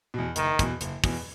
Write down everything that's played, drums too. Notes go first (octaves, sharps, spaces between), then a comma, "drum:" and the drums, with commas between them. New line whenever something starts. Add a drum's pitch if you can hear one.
E2 B2
F#1 D#3, drum: hi-hat
E2 B2, drum: kick, hi-hat
F#1, drum: hi-hat
E2 B2, drum: kick, open hi-hat